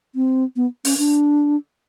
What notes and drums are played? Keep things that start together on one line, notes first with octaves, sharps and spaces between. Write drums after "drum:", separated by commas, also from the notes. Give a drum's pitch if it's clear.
C4
B3
C#4, drum: open hi-hat
D4